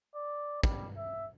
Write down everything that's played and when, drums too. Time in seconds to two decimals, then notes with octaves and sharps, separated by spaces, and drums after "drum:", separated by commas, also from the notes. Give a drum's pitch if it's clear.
0.16 D5
0.63 G3, drum: kick
0.97 E5